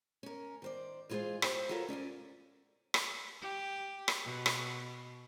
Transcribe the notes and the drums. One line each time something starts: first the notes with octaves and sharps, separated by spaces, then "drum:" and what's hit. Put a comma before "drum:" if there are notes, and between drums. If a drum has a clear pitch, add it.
C#4 A#4
D#3 C5 D5
E3 G#3 F4 G#4 C5 F5
G4 C5, drum: rim click
F4 F#4 A4 A#4 C#5 F5
C#4 D5 G5 G#5
drum: rim click
G4
drum: rim click
B2
drum: rim click